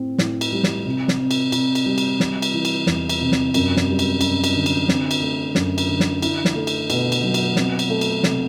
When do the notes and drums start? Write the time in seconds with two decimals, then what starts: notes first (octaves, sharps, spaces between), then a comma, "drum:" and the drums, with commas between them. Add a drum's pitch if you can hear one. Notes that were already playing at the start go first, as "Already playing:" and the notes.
Already playing: A2 C4
0.18 A2, drum: snare
0.41 drum: cymbal
0.52 G3
0.64 drum: snare
0.85 C3
1.08 drum: snare
1.20 C4
1.31 drum: cymbal
1.52 C3, drum: cymbal
1.75 drum: cymbal
1.86 G3
1.98 drum: cymbal
2.20 G3, drum: snare
2.42 drum: cymbal
2.54 E3
2.65 drum: cymbal
2.87 E2, drum: snare
3.09 drum: cymbal
3.21 C3
3.32 drum: snare
3.54 F#2, drum: cymbal
3.77 drum: snare
3.88 G3
3.99 drum: cymbal
4.21 F#2, drum: cymbal
4.44 drum: cymbal
4.55 D3
4.66 drum: cymbal
4.89 C4, drum: snare
5.11 drum: cymbal
5.22 A3
5.55 F#2, drum: snare
5.78 drum: cymbal
5.89 D3
6.00 drum: snare
6.22 E4, drum: cymbal
6.45 drum: snare
6.55 A3
6.67 drum: cymbal
6.90 B2, drum: cymbal
7.12 drum: cymbal
7.24 F#3
7.34 drum: cymbal
7.56 C4, drum: snare
7.79 drum: cymbal
7.90 A3
8.01 drum: cymbal
8.23 C3, drum: snare